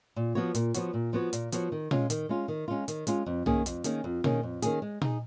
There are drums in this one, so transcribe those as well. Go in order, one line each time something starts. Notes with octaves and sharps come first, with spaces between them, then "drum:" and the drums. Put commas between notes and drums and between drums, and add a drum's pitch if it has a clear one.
A#2
F3 B3 F#4 C#5
A#2, drum: hi-hat
F3 B3 F#4 C#5, drum: hi-hat
A#2
F3 B3 F#4 C#5
A#2, drum: hi-hat
F3 B3 F#4 C#5, drum: hi-hat
D#3
G#3 C#4 F4, drum: tom A#2
D#3, drum: hi-hat
G#3 C#4 F4
D#3
G#3 C#4 F4
D#3, drum: hi-hat
G#3 C#4 F4, drum: hi-hat
F2
D#3 A#3 C#4 G#4, drum: tom B1
F2, drum: hi-hat
D#3 A#3 C#4 G#4, drum: hi-hat
F2
D#3 A#3 C#4 G#4, drum: tom A#2
F2
D#3 A#3 C#4 G#4, drum: hi-hat
G#3
D#4 G#4, drum: tom A#2